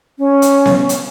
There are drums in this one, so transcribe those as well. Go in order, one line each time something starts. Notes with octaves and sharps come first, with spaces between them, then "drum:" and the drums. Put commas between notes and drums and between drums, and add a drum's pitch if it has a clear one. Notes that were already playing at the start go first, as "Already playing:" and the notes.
C#4
drum: hi-hat
drum: snare B3
drum: hi-hat